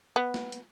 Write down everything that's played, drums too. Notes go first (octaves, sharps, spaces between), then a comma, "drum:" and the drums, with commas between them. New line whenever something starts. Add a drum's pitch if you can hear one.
B3
drum: snare
drum: hi-hat